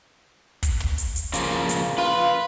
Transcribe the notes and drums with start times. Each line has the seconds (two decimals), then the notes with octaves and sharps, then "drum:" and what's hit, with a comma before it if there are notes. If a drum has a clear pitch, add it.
0.63 drum: kick, hi-hat
0.80 drum: tom
0.98 drum: hi-hat
1.16 drum: hi-hat
1.34 C#3 F3 A#3, drum: hi-hat
1.51 drum: snare
1.69 drum: hi-hat
1.98 F4 B4